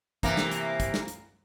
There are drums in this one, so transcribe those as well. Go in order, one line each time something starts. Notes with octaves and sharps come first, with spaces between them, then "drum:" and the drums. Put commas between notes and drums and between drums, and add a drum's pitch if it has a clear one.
C3 E3 A#3, drum: kick, hi-hat
drum: snare
drum: hi-hat
drum: kick, hi-hat
drum: snare
drum: hi-hat